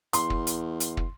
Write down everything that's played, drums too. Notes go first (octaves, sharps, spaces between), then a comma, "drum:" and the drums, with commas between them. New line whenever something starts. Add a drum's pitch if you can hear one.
E2 C6, drum: hi-hat
drum: kick
drum: hi-hat
drum: hi-hat
drum: kick